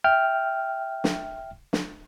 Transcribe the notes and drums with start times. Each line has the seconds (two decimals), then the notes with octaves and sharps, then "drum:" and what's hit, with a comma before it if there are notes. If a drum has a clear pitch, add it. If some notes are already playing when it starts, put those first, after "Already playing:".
0.04 E5 G5 F6
1.04 drum: snare
1.73 drum: snare